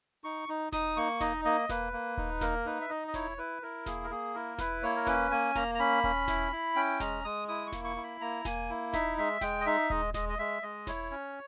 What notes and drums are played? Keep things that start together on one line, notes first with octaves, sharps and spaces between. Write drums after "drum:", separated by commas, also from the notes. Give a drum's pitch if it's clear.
D#4 C#6
D#4
D#4 D#6, drum: snare E1
A#3 C#6
D#4 D#5, drum: snare E1
A#3 D#5
A#3 B4, drum: snare E1
A#3
D#4, drum: kick D#1
A#3 A#4, drum: snare E1
D#4 B4
E5
D#4 D#5
D#5
E4 C#5, drum: snare E1
E4 B4
E4 A#4
A#3 G#4, drum: snare E1
A#4
A#3 G#4
E4 A#4
E4 B4, drum: snare E1
A#3 C#5
A#4
C#4 B4, drum: snare E1
A#3 G#5
A#3 A#5, drum: snare E1
A#5
C#4 B5
C#4, drum: kick D#1
E4, drum: snare E1
E4
C#4 G5
G#3 A#5, drum: snare E1
G#3 D#6
E4 D#6
C#6
A#3, drum: snare E1
C#6
E4
B5
A#3 A#5
A#3 G#5, drum: snare E1
E4
D#4 E5, drum: snare E1
G#3 E5
G#3 G5, drum: snare E1
D#5
D#4 E5
G#3 D#5, drum: kick D#1
G#3 D#5, drum: snare E1
D#5
G#3 E5
G#3 D#5
E4 C#5, drum: snare E1
C#4